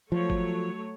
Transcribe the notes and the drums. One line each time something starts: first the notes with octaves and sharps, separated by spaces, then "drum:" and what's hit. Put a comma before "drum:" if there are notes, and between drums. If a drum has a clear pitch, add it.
F3 F#3 A3 C#5
drum: kick G1